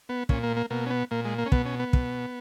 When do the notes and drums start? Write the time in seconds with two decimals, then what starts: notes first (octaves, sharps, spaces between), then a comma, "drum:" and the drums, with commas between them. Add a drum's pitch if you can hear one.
0.09 B3
0.29 A#2 C#4, drum: kick
0.43 A#3
0.57 A#3
0.70 B2 A#3
0.86 C#4
0.90 B3
1.11 A#2 A#3
1.25 G#3
1.38 A#3
1.46 C#4
1.52 B2 B3, drum: kick
1.66 C#4
1.80 B3
1.93 B2, drum: kick